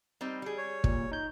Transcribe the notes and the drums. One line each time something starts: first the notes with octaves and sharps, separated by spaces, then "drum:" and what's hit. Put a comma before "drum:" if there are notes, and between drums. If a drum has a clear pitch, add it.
G3 C4 D#4
G3 G#4
C#5
A#2, drum: kick
D#4 G6